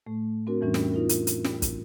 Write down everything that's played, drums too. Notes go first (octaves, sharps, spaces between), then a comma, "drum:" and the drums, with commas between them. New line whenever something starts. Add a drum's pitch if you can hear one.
A2 A3
C4 D4 F#4 A#4
F2 A2 E3 G3 C#4 D4
drum: snare
D#4 F4 A#4
drum: hi-hat
drum: hi-hat
drum: snare
drum: kick, hi-hat